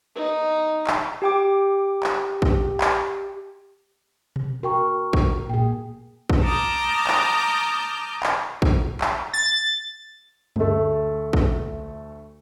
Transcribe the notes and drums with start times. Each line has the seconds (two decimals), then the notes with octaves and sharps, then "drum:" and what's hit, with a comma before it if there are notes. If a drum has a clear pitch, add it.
0.15 D#4
0.87 drum: clap
1.22 G4 G5 D6
2.03 drum: clap
2.42 drum: kick
2.81 drum: clap
4.36 drum: tom B2
4.63 F#4 A#4 G5 C#6
5.13 drum: kick
5.50 A#2 G#4 G5
6.30 drum: kick
6.43 A5 A#5 D6 D#6 F6 G6
7.07 drum: clap
8.23 drum: clap
8.62 drum: kick
9.01 drum: clap
9.33 A6
10.56 D2 A3, drum: tom F#2
11.33 drum: kick